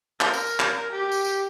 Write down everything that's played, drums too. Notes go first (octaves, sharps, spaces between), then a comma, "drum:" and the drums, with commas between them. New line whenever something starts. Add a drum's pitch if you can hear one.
A#4, drum: clap
drum: tambourine
drum: tambourine
drum: clap
G4
drum: tambourine
drum: tambourine